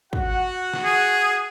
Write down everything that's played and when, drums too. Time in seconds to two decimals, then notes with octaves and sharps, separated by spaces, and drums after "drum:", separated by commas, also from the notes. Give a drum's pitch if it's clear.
0.13 F#4 F#5, drum: kick
0.73 drum: snare
0.84 G#4